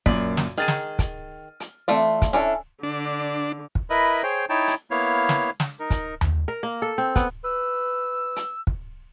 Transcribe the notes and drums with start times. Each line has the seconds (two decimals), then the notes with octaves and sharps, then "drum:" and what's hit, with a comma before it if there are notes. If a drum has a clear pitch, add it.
0.06 F#2 A#2 D5 B5, drum: kick
0.37 drum: snare
0.58 D#3 G#4 F6 A6 D#7
0.68 drum: snare
0.99 drum: kick, hi-hat
1.60 drum: hi-hat
1.88 E3 A3 C4 F4 D5 E5
2.22 drum: kick, hi-hat
2.33 C#4 D4 E4 A4 D#5 E5
2.83 D3 D4
3.75 drum: kick
3.90 E4 A#4 B4 D#5 E5 B5
4.23 G#4 C5 C#5 G5
4.49 D#4 E4 C#5 G5 A5
4.67 drum: hi-hat
4.91 A#3 B3 E4 C#5 F5
5.29 drum: snare
5.60 drum: snare
5.79 D#4 A#4
5.90 drum: kick, hi-hat
6.21 drum: tom D#2
6.48 A#4
6.63 A#3
6.82 A4
6.98 C4
7.16 B3, drum: kick, hi-hat
7.44 B4 E6
8.36 drum: hi-hat
8.67 drum: kick